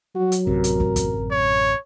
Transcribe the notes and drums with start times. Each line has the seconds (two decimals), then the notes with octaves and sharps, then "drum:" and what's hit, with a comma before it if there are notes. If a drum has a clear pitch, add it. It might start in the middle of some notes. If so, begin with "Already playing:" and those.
0.16 F#3 F#4
0.32 drum: hi-hat
0.47 A1 F#2 C3 A#4
0.64 drum: hi-hat
0.80 drum: kick
0.96 drum: kick, hi-hat
1.32 C#5